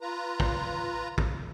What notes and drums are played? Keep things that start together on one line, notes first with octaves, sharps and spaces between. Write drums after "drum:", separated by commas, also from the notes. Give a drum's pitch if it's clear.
F4 B4 A#5
drum: kick
drum: kick